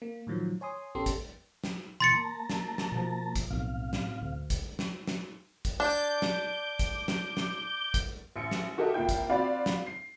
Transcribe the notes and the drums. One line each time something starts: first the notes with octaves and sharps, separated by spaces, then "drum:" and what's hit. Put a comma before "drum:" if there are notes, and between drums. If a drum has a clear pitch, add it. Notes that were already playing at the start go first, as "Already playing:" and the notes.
A#3
A2 D#3 F3 F#3
C#5 G#5 C6 D#6
A1 B3 C#4 G4 A4 C6
drum: kick, hi-hat
drum: snare
B2 E3 C6 A6 C#7
A#3 A5 A#5
drum: snare
drum: snare
B2 F3
drum: kick, hi-hat
B1 A2 C3 F3 F5
drum: snare
D2
drum: kick, hi-hat
drum: snare
drum: snare
drum: kick, hi-hat
D4 D6 G6
drum: snare
drum: kick, hi-hat
drum: snare
drum: snare
drum: kick, hi-hat
A1 C#7
drum: snare
F#4 G4 A4 A#4 D#5 E5
C2 A#3 E4 F4 G5 G6
drum: kick, hi-hat
C4 F4 F#4 D5 F5 B5
drum: snare
C7